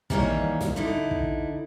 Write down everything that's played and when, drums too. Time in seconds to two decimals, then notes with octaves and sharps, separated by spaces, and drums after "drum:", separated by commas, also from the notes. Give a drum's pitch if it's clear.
0.10 D#3 E3 G3 A#3 C#5 D#5, drum: kick
0.60 drum: snare
0.76 D3 D#4 E4
1.11 drum: kick